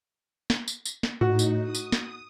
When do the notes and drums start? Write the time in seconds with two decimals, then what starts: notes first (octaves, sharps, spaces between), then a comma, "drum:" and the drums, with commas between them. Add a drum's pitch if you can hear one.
0.50 drum: snare
0.68 drum: tambourine
0.85 drum: tambourine
1.03 drum: snare
1.21 A2 D#4 F#4, drum: tom G#2
1.39 drum: tambourine
1.62 D#6
1.75 drum: tambourine
1.92 drum: snare